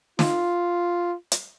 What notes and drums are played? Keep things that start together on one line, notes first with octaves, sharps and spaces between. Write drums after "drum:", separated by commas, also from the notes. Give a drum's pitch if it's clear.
F4, drum: snare
drum: hi-hat